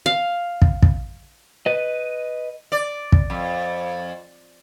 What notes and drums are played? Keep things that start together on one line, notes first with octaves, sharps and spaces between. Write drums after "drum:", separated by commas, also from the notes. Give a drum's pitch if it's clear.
F5
drum: kick
drum: kick
B4 D#5
D5
drum: kick
F2